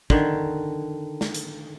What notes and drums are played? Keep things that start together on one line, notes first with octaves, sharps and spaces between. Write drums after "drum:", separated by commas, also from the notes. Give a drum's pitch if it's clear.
D3 D#3, drum: kick
drum: snare
drum: hi-hat